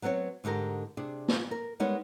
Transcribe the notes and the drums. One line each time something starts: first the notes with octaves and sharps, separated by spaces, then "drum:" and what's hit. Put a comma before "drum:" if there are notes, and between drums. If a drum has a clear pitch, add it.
F#3 B3 C4 A4 C#5
G#2 D3 D#4 G4 A#4
C3 D4 G#4
drum: snare
A#4
G3 G#3 B3 D#4 A#4 C#5